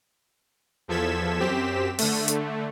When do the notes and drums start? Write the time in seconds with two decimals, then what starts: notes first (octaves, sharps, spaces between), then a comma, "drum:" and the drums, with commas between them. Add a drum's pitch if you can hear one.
0.88 E2 F3 A4 G#6 B6 E7
1.40 F#2 C4 G4 B6 E7
1.99 D3 A3, drum: open hi-hat
2.28 drum: hi-hat